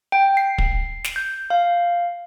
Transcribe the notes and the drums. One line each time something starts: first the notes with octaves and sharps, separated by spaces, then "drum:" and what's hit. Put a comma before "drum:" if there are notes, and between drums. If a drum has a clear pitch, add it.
G5
C7
drum: kick
drum: snare
G6
F5